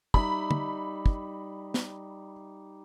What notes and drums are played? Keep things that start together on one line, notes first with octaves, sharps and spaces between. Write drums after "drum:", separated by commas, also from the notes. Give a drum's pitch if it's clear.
G3 D#4 E5 B5, drum: kick
drum: tom
drum: kick
drum: snare